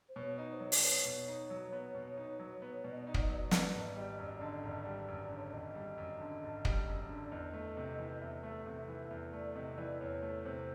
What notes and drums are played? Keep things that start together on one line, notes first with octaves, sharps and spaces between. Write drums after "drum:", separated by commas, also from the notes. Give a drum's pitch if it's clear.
C5
B2 C#5
D#4 D#5
C5
F#3 C#5
D5, drum: open hi-hat
B3 C#5
B2
D#4
F#3
B3
B2
D#4
F#3
B3
B2 D5
D#5
D5
D#4 D#5
D5, drum: kick
D#5
F#3 D5
D#5
D5
B3 D#5, drum: snare
D5
D#5
G#1 D5
D#5
D5
G3 D#5
D5
D#5
F#2 D5
D#5
D5
D3 D#5
D5
D#5
G#1 D5
D#5
D5
G3
F#2
D3
C#5
D5
G#1 D#5
G3
F#2
D3
G#1
G3, drum: kick
F#2
D3
D5
E2 D#5
A3
C3
E3
E2 E5
A3
C3
E3
E2
A3 D5
C3 D#5
E3 D5
E2 C#5
A3
C3 C5